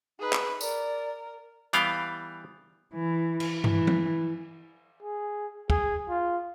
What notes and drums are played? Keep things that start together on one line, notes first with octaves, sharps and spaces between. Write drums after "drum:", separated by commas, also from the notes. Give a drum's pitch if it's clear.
D#4 G#4 B4
drum: clap
A#4 D5, drum: tambourine
E3 G3 B3 F5 G5, drum: hi-hat
E3
drum: cymbal
E3, drum: tom G2
drum: tom F3
G#4
G#4, drum: kick
F4